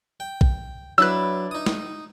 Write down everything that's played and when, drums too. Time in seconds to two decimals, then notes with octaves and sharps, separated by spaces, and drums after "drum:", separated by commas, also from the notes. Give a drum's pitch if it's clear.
0.20 G5
0.41 drum: kick A#1
0.98 F#3 D4 E4 B4 E6 F#6
1.51 D#4 D#6
1.66 drum: snare